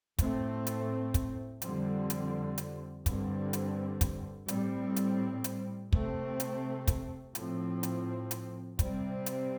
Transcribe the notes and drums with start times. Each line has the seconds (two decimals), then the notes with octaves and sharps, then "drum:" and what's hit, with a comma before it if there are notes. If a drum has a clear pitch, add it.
0.19 A2 A3 C4, drum: kick, hi-hat
0.67 drum: hi-hat
1.14 drum: kick, hi-hat
1.62 F2 D3 G3 C4, drum: hi-hat
2.10 drum: hi-hat
2.58 drum: hi-hat
3.06 G2 D3 G3 C4, drum: kick, hi-hat
3.53 drum: hi-hat
4.01 drum: kick, hi-hat
4.48 A2 G3 C4, drum: hi-hat
4.96 drum: hi-hat
5.44 drum: hi-hat
5.93 C3 A3 C4, drum: kick
6.40 drum: hi-hat
6.87 drum: kick, hi-hat
7.35 A2 F3 C4, drum: hi-hat
7.83 drum: hi-hat
8.31 drum: hi-hat
8.79 C3 G3 C4, drum: kick, hi-hat
9.26 drum: hi-hat